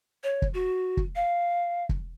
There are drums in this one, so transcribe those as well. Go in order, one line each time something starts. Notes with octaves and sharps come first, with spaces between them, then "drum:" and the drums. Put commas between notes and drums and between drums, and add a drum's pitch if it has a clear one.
C#5
drum: kick
F#4
drum: kick
F5
drum: kick